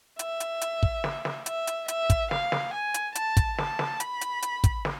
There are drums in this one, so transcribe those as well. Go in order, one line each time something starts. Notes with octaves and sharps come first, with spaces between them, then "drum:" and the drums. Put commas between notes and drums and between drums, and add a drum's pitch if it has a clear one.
E5, drum: hi-hat
drum: hi-hat
drum: hi-hat
drum: kick
drum: snare
drum: snare
E5, drum: hi-hat
drum: hi-hat
E5, drum: hi-hat
drum: kick, hi-hat
F5, drum: snare
drum: snare
G#5
drum: hi-hat
A5, drum: hi-hat
drum: kick, hi-hat
A5, drum: snare
drum: snare
B5, drum: hi-hat
drum: hi-hat
drum: hi-hat
drum: kick, hi-hat
drum: snare